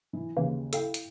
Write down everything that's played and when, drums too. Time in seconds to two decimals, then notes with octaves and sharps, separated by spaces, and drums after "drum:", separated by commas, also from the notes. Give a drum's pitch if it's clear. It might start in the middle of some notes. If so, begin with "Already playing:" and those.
0.13 E3
0.37 D#2 C#3 E3 A#3
0.73 E4 A4 F5 G5, drum: hi-hat
0.94 drum: hi-hat